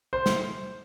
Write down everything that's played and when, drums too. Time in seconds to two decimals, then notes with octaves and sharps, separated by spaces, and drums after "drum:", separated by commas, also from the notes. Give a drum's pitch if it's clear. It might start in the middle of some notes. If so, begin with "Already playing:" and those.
0.13 C5
0.26 drum: snare